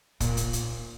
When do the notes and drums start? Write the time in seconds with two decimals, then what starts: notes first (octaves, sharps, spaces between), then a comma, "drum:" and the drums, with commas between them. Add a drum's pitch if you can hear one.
0.20 A#2, drum: kick, hi-hat
0.37 drum: hi-hat
0.53 drum: hi-hat